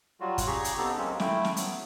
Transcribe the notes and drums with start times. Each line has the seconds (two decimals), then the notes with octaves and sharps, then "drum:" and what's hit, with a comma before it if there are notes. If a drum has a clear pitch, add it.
0.20 F#3 G3 F4 F#4
0.38 drum: kick, hi-hat
0.47 C#3 G4 G#4 A#5 C#6
0.64 drum: hi-hat
0.78 B3 C4 D#4 G4 A4
0.98 F#3 G#3 A#3 C4 C#4
1.20 A3 E4 G5, drum: snare
1.45 drum: snare
1.57 F#3 B3, drum: hi-hat